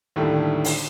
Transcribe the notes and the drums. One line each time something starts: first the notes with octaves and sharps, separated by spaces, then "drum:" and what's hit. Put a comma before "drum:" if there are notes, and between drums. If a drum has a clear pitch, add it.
D#2 A2 D3 D#3 G3 A3
drum: open hi-hat